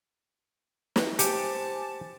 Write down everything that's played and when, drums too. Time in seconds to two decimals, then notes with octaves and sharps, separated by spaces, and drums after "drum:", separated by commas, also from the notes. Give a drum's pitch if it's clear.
0.96 drum: snare
1.19 G4 C5 G#5 A5 D6 C#7, drum: hi-hat